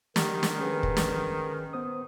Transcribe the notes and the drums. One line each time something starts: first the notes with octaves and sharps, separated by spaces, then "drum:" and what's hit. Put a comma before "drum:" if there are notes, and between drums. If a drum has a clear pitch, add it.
D#3 G4, drum: snare
drum: snare
C#4 G#4 B4
drum: kick
drum: snare
B3 C5 D#6